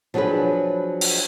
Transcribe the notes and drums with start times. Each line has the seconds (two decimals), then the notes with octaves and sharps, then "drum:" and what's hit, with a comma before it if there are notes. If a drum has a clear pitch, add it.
0.14 F3 F#3 B3 D4 G#4 B4
1.01 drum: open hi-hat